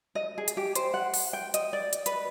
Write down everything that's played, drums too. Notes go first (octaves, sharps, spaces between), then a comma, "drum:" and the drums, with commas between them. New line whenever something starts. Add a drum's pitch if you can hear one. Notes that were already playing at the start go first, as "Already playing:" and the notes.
D#5
G#4
drum: hi-hat
G4
C5, drum: hi-hat
F#5
drum: open hi-hat
G5
D#5, drum: hi-hat
D5
drum: hi-hat
B4, drum: hi-hat